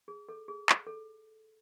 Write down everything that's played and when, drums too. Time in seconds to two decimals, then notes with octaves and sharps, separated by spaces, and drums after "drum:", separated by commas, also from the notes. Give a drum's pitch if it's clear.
0.08 G#4
0.29 A4
0.48 G#4
0.69 drum: clap
0.87 A4